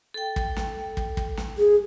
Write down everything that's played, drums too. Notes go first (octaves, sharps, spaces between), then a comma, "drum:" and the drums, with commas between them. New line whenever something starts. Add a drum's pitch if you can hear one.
A4 G5
drum: kick
drum: snare
drum: kick
drum: kick
drum: snare
G#4